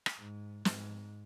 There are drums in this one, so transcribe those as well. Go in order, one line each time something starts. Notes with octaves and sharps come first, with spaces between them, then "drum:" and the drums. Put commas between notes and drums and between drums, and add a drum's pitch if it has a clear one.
drum: rim click
G#2
G#2, drum: snare